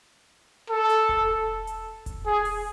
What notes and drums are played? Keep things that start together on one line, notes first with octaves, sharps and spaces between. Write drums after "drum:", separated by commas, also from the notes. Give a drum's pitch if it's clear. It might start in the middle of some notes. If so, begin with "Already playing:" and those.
A4
drum: hi-hat
drum: kick E1
drum: hi-hat
drum: kick E1, hi-hat
G#4
drum: open hi-hat